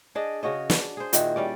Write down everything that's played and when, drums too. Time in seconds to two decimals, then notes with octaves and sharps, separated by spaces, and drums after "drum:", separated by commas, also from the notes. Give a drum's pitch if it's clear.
0.15 D4 G#4 D5 D#5
0.43 C#3 F#4 C#5 D#5
0.70 D4, drum: snare
0.97 G#4 C5
1.13 A#2 D#3 E4 F#4, drum: hi-hat
1.36 G3 C#4 D5